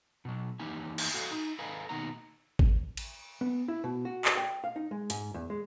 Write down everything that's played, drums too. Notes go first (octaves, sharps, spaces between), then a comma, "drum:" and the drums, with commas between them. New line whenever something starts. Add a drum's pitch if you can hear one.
B2 F#3
E3 A#3 D#4 G4 G#5
drum: cymbal
F#4 A4 F5
D#4
A4 B4 D#5 F5 G#5 A#5
B2 D#3 A#3 D#4 F#5 A#5
drum: kick G#1
drum: cymbal
B3
E4
B2
F#4
drum: clap
G5
F5
D#4
G#3
G#2, drum: hi-hat
E2
G#3